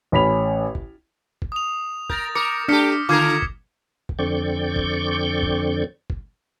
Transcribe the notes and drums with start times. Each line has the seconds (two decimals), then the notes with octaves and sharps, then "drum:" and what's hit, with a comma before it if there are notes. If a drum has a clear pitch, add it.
0.12 A1 C#4 B5 B6 F7
0.75 drum: kick
1.42 drum: kick
1.52 D#6 F7
2.10 A#4 G6 A6 A#6, drum: kick
2.35 A#4 D6 D#6 C#7
2.68 A3 D4 G4 F6 B6 C#7
3.09 D3 A3 F4 A#4 D6 G#6 C7
3.42 drum: kick
4.09 drum: kick
4.19 F2 D3 C4 D5 C#6 G6
4.76 drum: kick
5.43 drum: kick
6.10 drum: kick